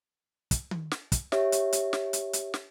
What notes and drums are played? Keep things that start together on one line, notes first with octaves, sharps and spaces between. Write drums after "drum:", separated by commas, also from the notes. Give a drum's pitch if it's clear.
drum: kick, hi-hat
drum: tom D#3
drum: snare
drum: kick, hi-hat
G4 C#5 E5, drum: snare
drum: hi-hat
drum: hi-hat
drum: snare
drum: hi-hat
drum: hi-hat
drum: snare